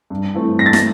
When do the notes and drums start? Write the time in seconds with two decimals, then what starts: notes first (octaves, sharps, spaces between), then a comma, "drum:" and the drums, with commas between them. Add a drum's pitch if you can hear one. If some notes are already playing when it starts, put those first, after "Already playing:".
0.10 G2
0.35 E3 A3 C4
0.59 G2 A#6
0.66 A6
0.73 A#6, drum: snare